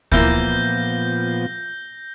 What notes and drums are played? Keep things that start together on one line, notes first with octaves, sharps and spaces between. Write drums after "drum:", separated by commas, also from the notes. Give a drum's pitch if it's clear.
A#2 E3 F3 A#3 B3 G6 A#6 G7, drum: kick